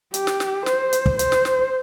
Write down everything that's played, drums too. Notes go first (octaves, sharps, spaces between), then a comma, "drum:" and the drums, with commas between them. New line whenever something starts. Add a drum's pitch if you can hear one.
G4, drum: hi-hat
drum: snare
drum: snare
C5, drum: snare
drum: hi-hat
drum: kick
C5, drum: hi-hat
drum: snare
drum: snare